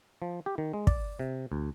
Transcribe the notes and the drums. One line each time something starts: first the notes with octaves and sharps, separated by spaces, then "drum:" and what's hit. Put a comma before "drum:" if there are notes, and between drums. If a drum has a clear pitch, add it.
F3
G4
D#3
G#3
D5, drum: kick
C3
D2